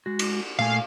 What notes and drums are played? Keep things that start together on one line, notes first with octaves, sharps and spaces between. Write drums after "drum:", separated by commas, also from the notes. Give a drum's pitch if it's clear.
G#3 F#4
drum: cymbal
A#2 A3 F5 G#5